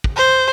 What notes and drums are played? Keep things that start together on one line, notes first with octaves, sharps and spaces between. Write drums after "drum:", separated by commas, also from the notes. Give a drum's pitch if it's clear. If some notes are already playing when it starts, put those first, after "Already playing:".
drum: kick
C5